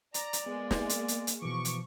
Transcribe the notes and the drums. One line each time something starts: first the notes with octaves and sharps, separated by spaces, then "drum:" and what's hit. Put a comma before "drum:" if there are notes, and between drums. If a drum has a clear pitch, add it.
D5 A#5, drum: hi-hat
drum: hi-hat
G#3 A#3 B3
drum: snare
drum: hi-hat
drum: hi-hat
drum: hi-hat
B2 E3 F3 C#6 D6
drum: hi-hat